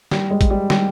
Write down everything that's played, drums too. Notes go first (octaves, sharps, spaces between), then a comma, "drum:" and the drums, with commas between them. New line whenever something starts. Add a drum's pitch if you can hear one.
G3, drum: snare
G#3
drum: kick A1, hi-hat
G3
G3, drum: snare